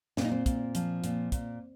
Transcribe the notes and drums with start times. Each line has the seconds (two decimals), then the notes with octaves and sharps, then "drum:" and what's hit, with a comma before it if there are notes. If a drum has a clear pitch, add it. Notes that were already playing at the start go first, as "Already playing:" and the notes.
0.17 A#2 C4, drum: snare
0.25 D#4
0.31 C4
0.46 A#2, drum: kick, hi-hat
0.75 F3, drum: hi-hat
1.04 A#2, drum: hi-hat
1.32 A#2, drum: kick, hi-hat